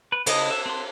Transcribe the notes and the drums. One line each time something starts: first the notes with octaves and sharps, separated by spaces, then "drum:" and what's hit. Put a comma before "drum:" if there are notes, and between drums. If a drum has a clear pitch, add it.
B4
C#3 E4 D#5 D#6, drum: cymbal
E5
C4 C6